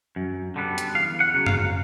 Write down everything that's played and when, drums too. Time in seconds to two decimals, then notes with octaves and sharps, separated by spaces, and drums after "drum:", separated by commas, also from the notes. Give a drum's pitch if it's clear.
0.16 F#2
0.56 D3 G3 B3
0.78 drum: hi-hat
0.94 E2 F5
1.20 F#5
1.34 C#3 F#3
1.46 F5, drum: tom F#2